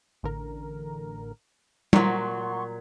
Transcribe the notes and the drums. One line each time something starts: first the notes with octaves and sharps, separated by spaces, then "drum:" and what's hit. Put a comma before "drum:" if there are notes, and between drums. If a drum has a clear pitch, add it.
A1 D3 A#4
A#2 F#3 F#5 C6 C#6, drum: tom